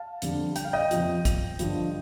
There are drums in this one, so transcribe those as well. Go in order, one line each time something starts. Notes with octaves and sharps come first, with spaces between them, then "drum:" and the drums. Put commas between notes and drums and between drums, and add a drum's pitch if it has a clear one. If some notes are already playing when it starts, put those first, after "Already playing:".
Already playing: F5 A5
F2 D3 G3, drum: hi-hat
G5, drum: hi-hat
F5
D#5 G5
F2 C3 F3, drum: hi-hat
drum: kick, hi-hat
G2 D3 F3, drum: hi-hat